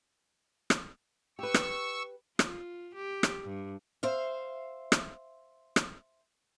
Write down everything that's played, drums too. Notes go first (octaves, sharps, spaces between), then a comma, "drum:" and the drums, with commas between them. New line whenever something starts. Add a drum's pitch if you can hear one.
drum: rim click
G4 B4 C#6 E6
drum: rim click
F4, drum: rim click
G4
drum: rim click
G2
C5 E5 F5
drum: rim click
drum: rim click